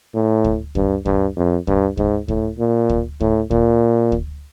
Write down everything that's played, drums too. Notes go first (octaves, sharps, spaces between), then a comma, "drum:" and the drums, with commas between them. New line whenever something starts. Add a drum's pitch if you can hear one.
A2
drum: kick
G2, drum: kick
G2, drum: kick
F2
G2, drum: kick
G#2, drum: kick
A2, drum: kick
A#2
drum: kick
A2, drum: kick
A#2, drum: kick
drum: kick